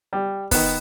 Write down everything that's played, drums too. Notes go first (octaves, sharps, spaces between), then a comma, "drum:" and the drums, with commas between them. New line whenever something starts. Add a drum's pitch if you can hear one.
G3
D#3 B3, drum: kick, open hi-hat